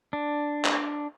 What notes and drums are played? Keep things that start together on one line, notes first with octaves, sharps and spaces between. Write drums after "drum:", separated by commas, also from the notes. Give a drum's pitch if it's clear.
D4
drum: clap